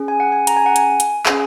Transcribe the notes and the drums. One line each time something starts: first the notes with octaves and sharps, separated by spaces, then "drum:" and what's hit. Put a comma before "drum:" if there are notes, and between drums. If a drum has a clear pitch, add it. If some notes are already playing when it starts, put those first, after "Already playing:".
Already playing: C#4 G#4
G#5
F#5
G#5
A#5, drum: hi-hat
G#5
F#5
G#5, drum: hi-hat
drum: hi-hat
C#4 G#4, drum: clap